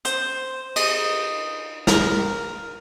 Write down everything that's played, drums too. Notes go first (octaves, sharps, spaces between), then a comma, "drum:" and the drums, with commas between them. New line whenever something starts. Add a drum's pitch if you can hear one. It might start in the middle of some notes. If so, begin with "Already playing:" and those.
C5, drum: hi-hat
D#5, drum: cymbal
A#4, drum: snare